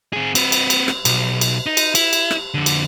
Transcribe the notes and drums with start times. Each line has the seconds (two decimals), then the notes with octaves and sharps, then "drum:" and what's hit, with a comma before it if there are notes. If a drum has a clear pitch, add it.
0.13 C4 G#4
0.35 C4 B4, drum: cymbal
0.52 drum: cymbal
0.70 drum: cymbal
0.88 drum: rim click
1.05 B1, drum: cymbal
1.41 drum: cymbal
1.66 D#4
1.77 drum: cymbal
1.95 E4, drum: cymbal
2.13 drum: cymbal
2.31 drum: rim click
2.54 F2 D3
2.66 drum: cymbal